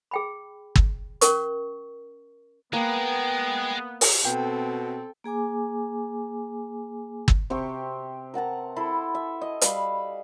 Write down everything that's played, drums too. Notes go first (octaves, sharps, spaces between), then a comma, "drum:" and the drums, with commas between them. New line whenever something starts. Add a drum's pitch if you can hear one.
G#4 G5 B5
drum: kick G1
C#4 A#4 C#6, drum: hi-hat
G#3 A#3 B3 G5
drum: open hi-hat
B2 C4 A4 G5
A#3 G#4 G#5 D6
drum: kick G1
C3 C4 G4 C#6
A#4 F#5 A5 A#5
E4 A4 B5 C6
E5
D#5
G3 F5 B5, drum: hi-hat